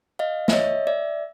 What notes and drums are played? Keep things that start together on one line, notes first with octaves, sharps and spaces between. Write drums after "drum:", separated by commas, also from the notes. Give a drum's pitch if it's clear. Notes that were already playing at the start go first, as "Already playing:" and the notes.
D#5 F5
E5, drum: snare A#3
C#5 D#5
D5 E5